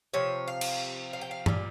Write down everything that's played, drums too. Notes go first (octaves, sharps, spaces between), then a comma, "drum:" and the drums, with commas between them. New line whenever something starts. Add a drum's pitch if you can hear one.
C3 F3 C#5
F5
drum: cymbal
F5
G5
F5
A#2 G3, drum: tom G2